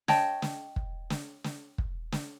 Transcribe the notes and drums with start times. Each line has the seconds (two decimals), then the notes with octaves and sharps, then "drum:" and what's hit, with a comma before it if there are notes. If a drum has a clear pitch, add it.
0.08 C#5 D#5 G5 A5, drum: snare
0.42 drum: snare
0.76 drum: kick
1.10 drum: snare
1.44 drum: snare
1.78 drum: kick
2.12 drum: snare